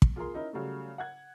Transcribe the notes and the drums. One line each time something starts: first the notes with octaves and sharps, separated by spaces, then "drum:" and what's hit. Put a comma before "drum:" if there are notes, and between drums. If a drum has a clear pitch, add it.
drum: kick
F4 G#4 A#4 C6
C#4 D#4 E4 A#4
C#3 F#3 G3 A3
F#5 F#6 G#6